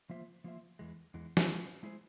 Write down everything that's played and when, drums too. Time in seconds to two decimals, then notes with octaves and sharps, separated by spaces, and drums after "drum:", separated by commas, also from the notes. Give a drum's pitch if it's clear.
0.09 F3 A#3 F4 C5 E5
0.44 F3 A#3 F4 C5 E5
0.79 E2 E3 G#3
1.14 E2 E3 G#3
1.37 drum: snare
1.48 G#3 E4 G#4 C5
1.83 G#3 E4 G#4 C5